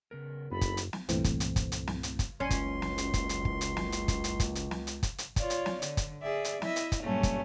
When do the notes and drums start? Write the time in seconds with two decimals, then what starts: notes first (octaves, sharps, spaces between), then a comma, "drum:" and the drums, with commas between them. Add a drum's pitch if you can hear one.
0.11 C#3 B3 A#4
0.51 F#1 F#2 B3 D#4 A4 B5
0.61 drum: kick, hi-hat
0.77 drum: hi-hat
0.93 drum: snare
1.09 C2 G2 A#2 E3 A3 C4, drum: hi-hat
1.24 drum: kick, hi-hat
1.40 drum: hi-hat
1.56 drum: kick, hi-hat
1.72 drum: hi-hat
1.87 drum: snare
2.03 drum: hi-hat
2.19 drum: kick, hi-hat
2.40 F#1 C#2 C#4 C6
2.50 drum: kick, hi-hat
2.82 drum: snare
2.98 drum: hi-hat
3.14 drum: kick, hi-hat
3.29 drum: hi-hat
3.45 drum: kick
3.61 drum: hi-hat
3.77 drum: snare
3.92 drum: hi-hat
4.08 drum: kick, hi-hat
4.24 drum: hi-hat
4.40 drum: kick, hi-hat
4.55 drum: hi-hat
4.71 drum: snare
4.87 drum: hi-hat
5.03 drum: kick, hi-hat
5.18 drum: hi-hat
5.36 F4 C#5 D5, drum: kick, hi-hat
5.50 drum: hi-hat
5.66 drum: snare
5.82 D3, drum: hi-hat
5.97 drum: kick, hi-hat
6.21 G#4 D5 E5
6.44 drum: hi-hat
6.62 E4 D#5 E5, drum: snare
6.76 drum: hi-hat
6.92 drum: kick, hi-hat
7.01 G2 A#2 F#3 G3 A3 C#4
7.23 drum: kick, hi-hat